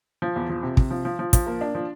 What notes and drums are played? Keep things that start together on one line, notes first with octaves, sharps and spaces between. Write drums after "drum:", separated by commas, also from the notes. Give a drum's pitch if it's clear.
F3
E2
F3
C3
C3, drum: kick
F3
F3
F3
F3, drum: kick, hi-hat
A#3
D4
F3